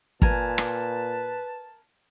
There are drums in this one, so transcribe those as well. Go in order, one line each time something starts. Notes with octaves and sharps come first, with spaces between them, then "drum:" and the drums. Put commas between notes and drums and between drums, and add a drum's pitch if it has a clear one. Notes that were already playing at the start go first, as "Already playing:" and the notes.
A#2 A#4 B4 G#5 A5, drum: kick
drum: rim click